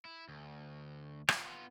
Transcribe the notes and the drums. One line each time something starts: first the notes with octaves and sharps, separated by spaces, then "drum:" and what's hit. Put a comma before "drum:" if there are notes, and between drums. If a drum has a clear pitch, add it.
E4
D2
B3 F4, drum: rim click